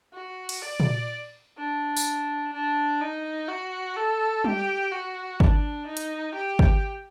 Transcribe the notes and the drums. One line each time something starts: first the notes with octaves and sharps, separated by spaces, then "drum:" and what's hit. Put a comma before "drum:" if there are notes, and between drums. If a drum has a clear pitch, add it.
F#4
drum: cymbal
D5
drum: tom A#2
D4
drum: tambourine
D4
D#4
F#4
A4
G4, drum: tom G3
F#4
D4, drum: kick G#1
D#4
drum: hi-hat
G4
drum: kick G#1